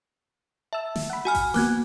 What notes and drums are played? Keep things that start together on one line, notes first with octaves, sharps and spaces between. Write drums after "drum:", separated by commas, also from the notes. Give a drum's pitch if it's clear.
E5 A5 E6
drum: snare
F#5 B5
F#4 G#5 F6
drum: kick A1, open hi-hat
A#3 B3 F#4 D6 F#6 G#6, drum: snare